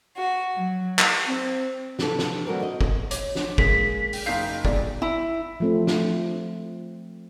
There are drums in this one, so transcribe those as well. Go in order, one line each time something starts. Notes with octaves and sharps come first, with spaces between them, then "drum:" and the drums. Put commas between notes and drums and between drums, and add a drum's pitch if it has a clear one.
F#4
F#3
drum: clap
C4
C3 E3 A4, drum: snare
drum: snare
D3 F#3 A3 C4 A#4
D#5
drum: kick
C#5 D6, drum: hi-hat
drum: snare
G#3 A#3 G#4 B6, drum: kick
G5, drum: open hi-hat
F#1 D#4 F5 G6 B6
B1 G#3 D5, drum: kick
E4
F3 A3 C4
drum: snare